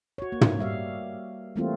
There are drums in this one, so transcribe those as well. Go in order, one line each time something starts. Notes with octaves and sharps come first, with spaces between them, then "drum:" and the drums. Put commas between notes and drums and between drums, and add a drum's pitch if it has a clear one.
F#4 C#5
A#3
drum: tom
G3 E5 F5
E3 G3 A3 A#3 C4 F4